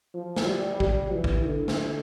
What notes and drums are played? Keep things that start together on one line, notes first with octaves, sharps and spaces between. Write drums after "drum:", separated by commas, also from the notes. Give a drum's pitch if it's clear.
F3
drum: snare
G3
G3, drum: kick A1
E3
drum: kick A1
D3
drum: snare